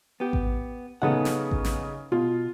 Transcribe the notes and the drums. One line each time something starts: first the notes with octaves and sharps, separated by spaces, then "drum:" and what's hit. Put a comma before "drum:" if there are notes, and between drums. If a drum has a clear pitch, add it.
B3 G4
drum: kick A1
C#3 B3 C#4 D#4 A4 F#5
drum: snare
drum: kick A1
drum: snare
B2 F4